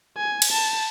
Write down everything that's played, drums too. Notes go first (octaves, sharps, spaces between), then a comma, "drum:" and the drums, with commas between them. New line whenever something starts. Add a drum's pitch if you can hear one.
G#5
drum: cymbal
A5